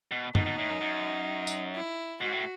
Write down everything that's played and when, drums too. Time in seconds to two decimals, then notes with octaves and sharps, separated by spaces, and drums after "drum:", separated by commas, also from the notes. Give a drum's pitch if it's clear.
0.11 B2
0.35 B2 D#4, drum: tom
0.46 B2
0.58 A2
0.70 F#2
0.81 F#2
1.47 drum: tambourine
1.75 E4
2.21 G#2 F#4
2.32 A2